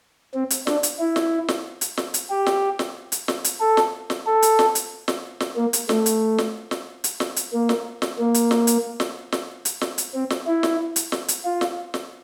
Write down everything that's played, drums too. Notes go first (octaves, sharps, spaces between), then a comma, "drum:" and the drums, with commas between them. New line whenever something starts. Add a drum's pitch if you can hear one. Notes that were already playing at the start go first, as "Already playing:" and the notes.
C4
drum: hi-hat
D4, drum: snare
drum: hi-hat
E4
drum: snare
drum: snare
drum: hi-hat
drum: snare
drum: hi-hat
G4
drum: snare
drum: snare
drum: hi-hat
drum: snare
drum: hi-hat
A4
drum: snare
drum: snare
A4
drum: hi-hat
drum: snare
drum: hi-hat
drum: snare
drum: snare
A#3
drum: hi-hat
A3, drum: snare
drum: hi-hat
drum: snare
drum: snare
drum: hi-hat
drum: snare
drum: hi-hat
A#3
drum: snare
drum: snare
A#3
drum: hi-hat
drum: snare
drum: hi-hat
drum: snare
drum: snare
drum: hi-hat
drum: snare
drum: hi-hat
C4
drum: snare
E4
drum: snare
drum: hi-hat
drum: snare
drum: hi-hat
F4
drum: snare
drum: snare